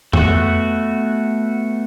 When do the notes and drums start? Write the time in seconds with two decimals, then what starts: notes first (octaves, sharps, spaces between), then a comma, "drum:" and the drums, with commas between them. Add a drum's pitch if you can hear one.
0.13 A3 B3 F#4, drum: tom F2